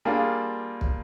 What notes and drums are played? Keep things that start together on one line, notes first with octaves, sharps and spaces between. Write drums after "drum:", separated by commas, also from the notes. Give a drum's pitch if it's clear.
G3 A#3 D4 F4 G#4
drum: kick